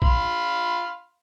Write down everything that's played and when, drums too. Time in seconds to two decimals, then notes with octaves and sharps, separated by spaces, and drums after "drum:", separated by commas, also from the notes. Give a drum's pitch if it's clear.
0.02 F5 B5 C6, drum: kick